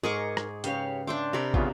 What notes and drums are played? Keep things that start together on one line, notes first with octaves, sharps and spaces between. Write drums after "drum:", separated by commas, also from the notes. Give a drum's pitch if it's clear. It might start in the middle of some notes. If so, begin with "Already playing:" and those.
G#2 G#4 A#4 D#5 C#6 D6
drum: rim click
C#3 G4 B4 C#5 F5, drum: hi-hat
D4 E5 G5 C6 D6
C3 C4 A#4 B5
E2 C#3 B3 F4, drum: kick